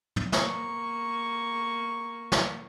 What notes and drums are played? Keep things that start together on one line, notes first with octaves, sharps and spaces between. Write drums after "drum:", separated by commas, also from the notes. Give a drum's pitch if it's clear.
drum: tom
A#3 C#6, drum: snare
drum: snare